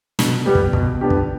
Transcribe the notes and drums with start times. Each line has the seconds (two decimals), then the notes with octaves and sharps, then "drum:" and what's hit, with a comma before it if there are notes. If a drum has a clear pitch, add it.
0.19 B2, drum: snare
0.46 G3 B3 G4
0.55 drum: kick
0.73 B2, drum: kick
1.01 B3 D4 G4
1.10 drum: kick